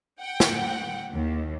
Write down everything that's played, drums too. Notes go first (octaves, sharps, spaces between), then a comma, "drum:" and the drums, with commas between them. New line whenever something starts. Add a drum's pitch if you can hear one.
F#5 G5
drum: snare
D#2